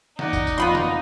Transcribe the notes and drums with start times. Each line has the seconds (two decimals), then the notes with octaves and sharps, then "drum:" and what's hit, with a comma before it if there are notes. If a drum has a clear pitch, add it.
0.19 D#4 D5 F#5, drum: snare
0.33 drum: kick, tambourine
0.47 drum: tambourine
0.58 F2 B3 F4 B5 C6
0.75 drum: snare